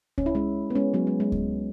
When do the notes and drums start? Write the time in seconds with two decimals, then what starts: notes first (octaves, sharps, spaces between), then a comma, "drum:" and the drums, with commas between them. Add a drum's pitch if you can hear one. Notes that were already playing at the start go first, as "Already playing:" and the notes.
0.18 C#4, drum: kick C#2
0.26 E4
0.35 G#3 C#4
0.70 B3
0.75 G#3 C#4
0.94 F#3 B3
1.07 G#3
1.20 G#3
1.32 drum: kick C#2